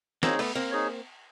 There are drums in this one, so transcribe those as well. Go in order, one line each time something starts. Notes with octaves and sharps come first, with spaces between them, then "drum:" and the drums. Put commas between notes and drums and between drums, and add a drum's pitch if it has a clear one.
A#3 C4 D#4 G#4 C#5, drum: snare
A3 B3, drum: cymbal
A#3 C4
D#4 G#4 C#5